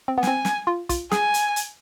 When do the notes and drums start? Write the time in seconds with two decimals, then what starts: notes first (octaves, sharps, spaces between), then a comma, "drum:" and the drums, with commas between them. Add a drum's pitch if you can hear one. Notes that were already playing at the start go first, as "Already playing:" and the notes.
0.08 C4
0.18 B3
0.23 C4 G#5, drum: snare
0.45 drum: snare
0.67 F4
0.89 F4, drum: kick, hi-hat
1.12 G#4 G#5, drum: snare
1.34 drum: hi-hat
1.56 drum: hi-hat